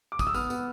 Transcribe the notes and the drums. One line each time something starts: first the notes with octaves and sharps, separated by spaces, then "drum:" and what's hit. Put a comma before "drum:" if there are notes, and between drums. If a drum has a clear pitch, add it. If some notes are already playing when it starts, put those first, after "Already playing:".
D6
D#6, drum: kick, tambourine
E6
B3 D#6 F6, drum: tambourine
B3, drum: tambourine